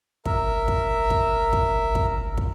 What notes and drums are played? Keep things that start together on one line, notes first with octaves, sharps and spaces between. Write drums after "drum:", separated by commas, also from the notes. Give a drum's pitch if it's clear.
A#4 E5, drum: kick
drum: kick
drum: kick
drum: kick
drum: kick
drum: kick